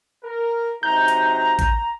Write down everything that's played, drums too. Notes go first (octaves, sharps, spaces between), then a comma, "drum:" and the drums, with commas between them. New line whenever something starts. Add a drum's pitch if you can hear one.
A#4
C3 F#3 D#4 A#5 G6
drum: hi-hat
drum: kick, hi-hat